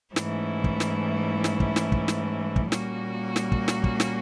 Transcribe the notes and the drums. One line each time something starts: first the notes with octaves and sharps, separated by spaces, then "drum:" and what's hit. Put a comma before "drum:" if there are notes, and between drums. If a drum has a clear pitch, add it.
G#2 E3 A3 C#4 E4, drum: snare
drum: kick
drum: snare
drum: snare
drum: kick
drum: snare
drum: kick
drum: snare
drum: kick
A#2 G3 A#3 C#4 F#4, drum: snare
drum: snare
drum: kick
drum: snare
drum: kick
drum: snare